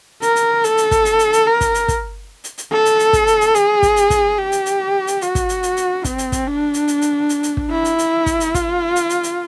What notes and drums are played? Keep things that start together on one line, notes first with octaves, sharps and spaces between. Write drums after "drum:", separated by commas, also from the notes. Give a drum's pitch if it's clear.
A#4, drum: hi-hat
drum: hi-hat
A4, drum: hi-hat
drum: hi-hat
drum: kick, hi-hat
drum: hi-hat
drum: hi-hat
drum: hi-hat
A#4
drum: kick, hi-hat
drum: hi-hat
drum: kick, hi-hat
drum: hi-hat
drum: hi-hat
A4
drum: hi-hat
drum: hi-hat
drum: kick, hi-hat
drum: hi-hat
drum: hi-hat
G#4, drum: hi-hat
drum: kick, hi-hat
drum: hi-hat
drum: kick, hi-hat
G4
drum: hi-hat
drum: hi-hat
drum: hi-hat
F#4, drum: hi-hat
drum: kick, hi-hat
drum: hi-hat
drum: hi-hat
drum: hi-hat
C4, drum: kick, hi-hat
drum: hi-hat
drum: kick, hi-hat
D4
drum: hi-hat
drum: hi-hat
drum: hi-hat
drum: hi-hat
drum: hi-hat
drum: kick
E4
drum: hi-hat
drum: hi-hat
drum: kick, hi-hat
drum: hi-hat
F4, drum: kick, hi-hat
drum: hi-hat
drum: hi-hat
drum: hi-hat